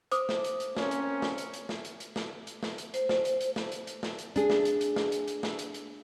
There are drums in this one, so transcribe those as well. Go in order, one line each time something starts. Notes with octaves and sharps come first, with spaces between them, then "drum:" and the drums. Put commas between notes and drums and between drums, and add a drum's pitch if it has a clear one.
C5 D6 D#6, drum: hi-hat
drum: snare
drum: hi-hat
drum: hi-hat
A#3 C4 C#4, drum: snare
drum: hi-hat
drum: snare
drum: hi-hat
drum: hi-hat
drum: snare
drum: hi-hat
drum: hi-hat
drum: snare
drum: hi-hat
drum: snare
drum: hi-hat
C5, drum: hi-hat
drum: snare
drum: hi-hat
drum: hi-hat
drum: snare
drum: hi-hat
drum: hi-hat
drum: snare
drum: hi-hat
D4 G#4, drum: hi-hat
drum: snare
drum: hi-hat
drum: hi-hat
drum: snare
drum: hi-hat
drum: hi-hat
drum: snare
drum: hi-hat
drum: hi-hat